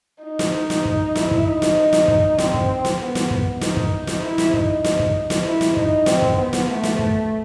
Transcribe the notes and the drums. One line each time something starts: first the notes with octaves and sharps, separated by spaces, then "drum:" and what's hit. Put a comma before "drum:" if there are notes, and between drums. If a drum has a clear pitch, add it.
D#4
drum: snare
drum: snare
drum: kick
E4, drum: snare
drum: kick
D#4
drum: snare
drum: snare
drum: kick
C4, drum: snare
drum: kick
drum: snare
B3
drum: snare
drum: kick
D#4, drum: snare
drum: kick
drum: snare
E4
drum: snare
D#4, drum: kick
D#4, drum: snare
drum: kick
drum: snare
E4
drum: snare
D#4, drum: kick
C4, drum: snare
drum: kick
B3
drum: snare
A3
drum: snare
drum: kick